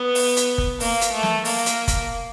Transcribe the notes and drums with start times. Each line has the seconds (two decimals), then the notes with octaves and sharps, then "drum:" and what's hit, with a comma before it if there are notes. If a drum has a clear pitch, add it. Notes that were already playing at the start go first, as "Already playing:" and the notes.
Already playing: B3
0.15 drum: open hi-hat
0.37 drum: hi-hat
0.58 drum: kick F#1
0.80 A#3, drum: open hi-hat
1.01 drum: hi-hat
1.12 A3
1.23 drum: snare
1.45 A#3, drum: open hi-hat
1.66 drum: hi-hat
1.88 drum: kick F#1, hi-hat